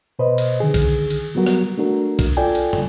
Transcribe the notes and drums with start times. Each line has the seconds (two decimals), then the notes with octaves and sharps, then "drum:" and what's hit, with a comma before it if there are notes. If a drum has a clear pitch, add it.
0.19 B2 B4 C5 D#5
0.38 drum: cymbal
0.60 D3 D#3 G#4
0.74 drum: kick A#1, cymbal
1.10 drum: cymbal
1.35 F#3 G3 B3 F#4 A#4
1.47 drum: rim click
1.78 A3 D4 F#4 A#4
2.19 drum: kick A#1, cymbal
2.37 F4 A4 D5 G5 G#5
2.55 drum: cymbal
2.73 drum: tom